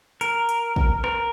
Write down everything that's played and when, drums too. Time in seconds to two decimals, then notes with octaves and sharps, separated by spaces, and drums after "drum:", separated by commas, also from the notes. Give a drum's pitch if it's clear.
0.21 A#4, drum: hi-hat
0.49 drum: hi-hat
0.76 drum: kick
1.04 A#4, drum: rim click